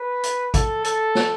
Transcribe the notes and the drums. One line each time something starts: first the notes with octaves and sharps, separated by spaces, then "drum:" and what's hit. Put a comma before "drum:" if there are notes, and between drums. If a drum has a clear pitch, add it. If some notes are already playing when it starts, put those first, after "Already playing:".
Already playing: B4
drum: hi-hat
A4, drum: kick, hi-hat
A4, drum: hi-hat
drum: snare